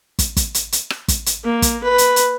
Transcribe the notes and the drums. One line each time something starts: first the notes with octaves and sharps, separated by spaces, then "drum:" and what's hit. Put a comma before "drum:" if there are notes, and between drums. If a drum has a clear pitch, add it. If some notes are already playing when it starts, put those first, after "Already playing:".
drum: kick, hi-hat
drum: kick, hi-hat
drum: hi-hat
drum: hi-hat
drum: rim click
drum: kick, hi-hat
drum: hi-hat
A#3
drum: kick, hi-hat
B4
drum: hi-hat
drum: hi-hat